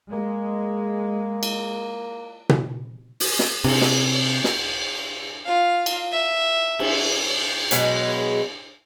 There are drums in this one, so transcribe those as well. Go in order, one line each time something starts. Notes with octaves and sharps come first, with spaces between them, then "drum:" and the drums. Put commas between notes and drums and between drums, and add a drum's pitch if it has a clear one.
G#3 A#3
drum: cymbal
drum: tom B2
drum: open hi-hat
drum: snare
C3, drum: cymbal
drum: snare
drum: snare
F4 F5
drum: cymbal
E5
drum: cymbal
B2 F#3 G#3 G#4, drum: hi-hat